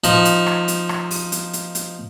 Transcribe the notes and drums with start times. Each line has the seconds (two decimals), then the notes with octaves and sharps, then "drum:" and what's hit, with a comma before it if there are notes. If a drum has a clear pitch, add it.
0.04 F3 D#4, drum: hi-hat
0.25 drum: hi-hat
0.46 drum: rim click
0.68 drum: hi-hat
0.89 drum: rim click
1.11 drum: open hi-hat
1.32 drum: hi-hat
1.53 drum: hi-hat
1.75 drum: hi-hat